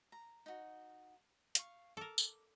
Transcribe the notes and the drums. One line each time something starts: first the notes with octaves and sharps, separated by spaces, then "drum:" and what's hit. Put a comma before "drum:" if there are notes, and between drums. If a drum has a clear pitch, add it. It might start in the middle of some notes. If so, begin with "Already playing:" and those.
A#5
D#4 F#4
F5 C#6, drum: hi-hat
A4 A#4 D6
drum: tambourine